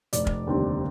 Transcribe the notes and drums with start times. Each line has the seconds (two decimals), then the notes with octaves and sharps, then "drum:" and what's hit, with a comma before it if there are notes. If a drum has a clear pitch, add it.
0.13 F1 D5, drum: hi-hat
0.27 drum: kick
0.47 D#2 D3 G3 C4